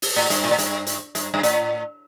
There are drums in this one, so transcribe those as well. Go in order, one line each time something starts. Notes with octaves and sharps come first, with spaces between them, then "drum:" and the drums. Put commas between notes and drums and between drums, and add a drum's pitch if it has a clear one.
drum: open hi-hat
A2
G2, drum: hi-hat
A#2
A2
G2, drum: hi-hat
drum: hi-hat
G2, drum: hi-hat
G2
A2, drum: hi-hat